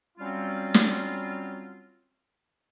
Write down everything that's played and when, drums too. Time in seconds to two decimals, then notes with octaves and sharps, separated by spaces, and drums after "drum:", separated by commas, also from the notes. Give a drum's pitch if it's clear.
0.18 F#3 G3 C4 C#4 F4
0.74 drum: snare